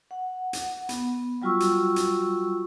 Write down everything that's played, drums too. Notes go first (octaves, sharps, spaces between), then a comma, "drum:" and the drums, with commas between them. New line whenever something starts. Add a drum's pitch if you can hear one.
F#5
drum: hi-hat
B3, drum: hi-hat
F#3 G3 F4 F#4 C#6 E6
drum: hi-hat
drum: hi-hat